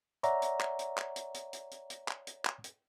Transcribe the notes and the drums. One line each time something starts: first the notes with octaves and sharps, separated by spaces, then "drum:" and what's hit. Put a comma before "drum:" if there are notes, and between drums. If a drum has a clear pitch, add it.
C#5 D5 E5 F#5 A#5, drum: hi-hat
drum: hi-hat
drum: clap
drum: hi-hat
drum: clap
drum: hi-hat
drum: hi-hat
drum: hi-hat
drum: hi-hat
drum: hi-hat
drum: clap
drum: hi-hat
drum: clap
drum: hi-hat